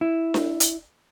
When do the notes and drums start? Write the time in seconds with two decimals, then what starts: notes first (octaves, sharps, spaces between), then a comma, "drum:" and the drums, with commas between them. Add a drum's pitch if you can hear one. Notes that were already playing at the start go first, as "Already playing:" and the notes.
0.01 E4
0.34 drum: snare D4
0.60 drum: hi-hat